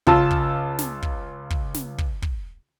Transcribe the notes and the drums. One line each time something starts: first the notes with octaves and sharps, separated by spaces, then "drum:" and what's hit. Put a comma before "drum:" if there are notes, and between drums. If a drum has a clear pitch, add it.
C#2 F4 A5 E6, drum: kick
drum: kick
drum: snare
drum: kick
drum: kick
drum: snare
drum: kick
drum: kick